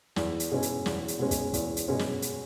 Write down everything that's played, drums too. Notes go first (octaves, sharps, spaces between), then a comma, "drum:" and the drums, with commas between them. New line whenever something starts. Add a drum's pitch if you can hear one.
E2, drum: snare
drum: hi-hat
B2 G#3 C#4
drum: hi-hat
E2, drum: snare
drum: hi-hat
B2 G#3 C#4
drum: kick, hi-hat
E2, drum: kick, hi-hat
drum: hi-hat
B2 G#3 C#4
drum: snare
drum: hi-hat